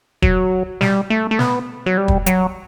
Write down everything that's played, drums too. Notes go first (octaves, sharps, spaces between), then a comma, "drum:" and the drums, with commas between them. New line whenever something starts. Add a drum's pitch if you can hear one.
F#3, drum: kick
G3, drum: snare
A3
A3
B3, drum: snare
F#3
G3
drum: kick
F#3, drum: hi-hat